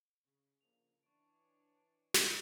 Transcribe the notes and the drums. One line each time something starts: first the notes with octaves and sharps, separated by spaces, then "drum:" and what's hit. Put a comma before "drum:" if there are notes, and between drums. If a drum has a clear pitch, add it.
C#3
D3 F3 A#3 F7
E3 D4 C#5 D5 C#6 D7
drum: snare